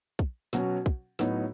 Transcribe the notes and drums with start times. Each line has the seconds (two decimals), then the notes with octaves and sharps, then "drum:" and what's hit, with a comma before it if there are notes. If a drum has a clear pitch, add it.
0.19 drum: kick, hi-hat
0.53 B2 F#3 C#4, drum: snare
0.86 drum: kick, hi-hat
1.19 A2 F#3 B3 D#4, drum: snare